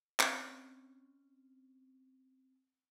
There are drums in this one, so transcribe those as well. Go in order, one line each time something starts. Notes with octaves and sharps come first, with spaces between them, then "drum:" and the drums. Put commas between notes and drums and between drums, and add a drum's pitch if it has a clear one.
C4 C#4 C#5 D#5, drum: clap